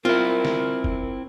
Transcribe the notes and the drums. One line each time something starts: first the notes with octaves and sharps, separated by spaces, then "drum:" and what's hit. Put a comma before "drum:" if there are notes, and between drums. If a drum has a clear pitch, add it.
C4 E4 F4 A#4
drum: snare
drum: kick F#1